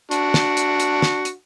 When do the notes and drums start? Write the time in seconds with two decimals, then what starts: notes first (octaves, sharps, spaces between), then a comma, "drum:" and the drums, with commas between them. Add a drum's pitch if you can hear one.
0.11 D4 F#4, drum: hi-hat
0.34 drum: snare
0.57 drum: hi-hat
0.80 drum: hi-hat
1.02 drum: snare
1.25 drum: hi-hat